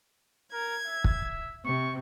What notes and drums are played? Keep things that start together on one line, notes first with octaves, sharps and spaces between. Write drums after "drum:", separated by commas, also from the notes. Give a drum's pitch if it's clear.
A#4 G#6
E5
drum: kick
C3 C#6